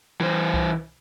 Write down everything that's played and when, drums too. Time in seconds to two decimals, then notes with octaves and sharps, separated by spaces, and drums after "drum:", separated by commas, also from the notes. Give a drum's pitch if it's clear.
0.21 E3 C5
0.54 drum: kick C2